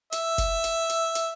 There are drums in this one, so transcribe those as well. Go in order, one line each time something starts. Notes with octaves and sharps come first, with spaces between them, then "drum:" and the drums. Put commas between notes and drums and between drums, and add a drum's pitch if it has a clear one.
E5, drum: hi-hat
drum: kick F#1, hi-hat
drum: hi-hat
drum: hi-hat
drum: hi-hat